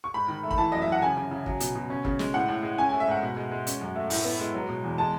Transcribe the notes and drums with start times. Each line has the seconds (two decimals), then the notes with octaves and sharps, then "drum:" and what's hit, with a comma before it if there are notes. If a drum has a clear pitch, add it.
0.04 C#6
0.14 G#2 B5
0.28 D#3
0.43 A3
0.51 B5, drum: kick
0.58 E3 A5
0.72 F#2 D#5
0.82 E5
0.88 F#2 F#5
1.02 C#3 G#5
1.17 C#3
1.31 C#3
1.46 F#3, drum: kick
1.60 B2, drum: hi-hat
1.75 B2
1.90 C#4
2.05 C#3, drum: kick
2.19 G#3, drum: snare
2.34 A2 F#5
2.48 A2
2.63 G#3
2.78 C#4 G#5
2.89 A3 G#5
3.00 E5
3.07 G#2 F#5
3.22 B2
3.37 G#3
3.51 G#3
3.67 C#4, drum: hi-hat
3.81 F#2
3.96 A3
4.10 A2, drum: open hi-hat
4.24 B3
4.39 G#3
4.54 F#3
4.69 B2
4.84 E2
4.98 G#3 A5